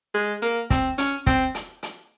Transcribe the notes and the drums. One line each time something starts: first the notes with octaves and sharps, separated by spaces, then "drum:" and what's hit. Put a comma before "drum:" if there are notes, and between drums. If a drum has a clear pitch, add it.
G#3
A#3
C4, drum: kick, hi-hat
C#4, drum: hi-hat
C4, drum: kick, hi-hat
drum: hi-hat
drum: hi-hat